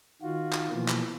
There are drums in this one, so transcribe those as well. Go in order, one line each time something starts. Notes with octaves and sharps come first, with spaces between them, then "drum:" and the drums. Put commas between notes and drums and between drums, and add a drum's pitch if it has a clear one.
D#3 F4 F#4
drum: clap
B2 E3 F3 A#3
drum: clap